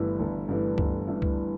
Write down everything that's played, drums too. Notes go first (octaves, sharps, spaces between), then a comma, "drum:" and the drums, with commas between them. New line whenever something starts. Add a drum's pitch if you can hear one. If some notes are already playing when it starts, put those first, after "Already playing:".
Already playing: G1 G2 E3 A3 E4
G1
G2 E3 A3 E4
G1, drum: kick C#2
G2 E3 A3 E4
drum: kick C#2